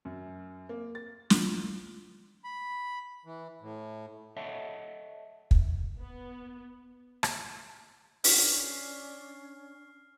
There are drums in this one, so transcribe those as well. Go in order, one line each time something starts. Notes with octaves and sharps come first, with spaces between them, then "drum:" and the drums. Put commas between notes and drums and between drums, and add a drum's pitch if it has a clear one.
F#2
A#3
A6
F3, drum: snare
B5
E3
A2
A4 C#5 D#5 E5 F#5 A5
drum: kick
B3
drum: rim click
C#4 D4 D5 F6 C7, drum: open hi-hat